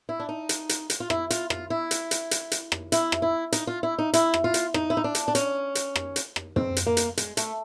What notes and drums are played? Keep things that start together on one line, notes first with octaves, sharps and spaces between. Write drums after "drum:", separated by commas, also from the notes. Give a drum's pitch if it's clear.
E4
D4
D#4
drum: hi-hat
drum: hi-hat
drum: hi-hat
F4
E4, drum: rim click
F4, drum: hi-hat
F4, drum: rim click
E4
drum: hi-hat
drum: hi-hat
drum: hi-hat
drum: hi-hat
drum: rim click
E4, drum: hi-hat
drum: rim click
E4
D#4, drum: hi-hat
F4
E4
D#4
E4, drum: hi-hat
drum: rim click
F4
drum: hi-hat
D#4, drum: rim click
E4
D#4
D4
drum: hi-hat
D4
C#4, drum: hi-hat
drum: hi-hat
drum: rim click
drum: hi-hat
drum: rim click
C4, drum: tom
drum: hi-hat
A#3
drum: hi-hat
G#3, drum: hi-hat
A3, drum: hi-hat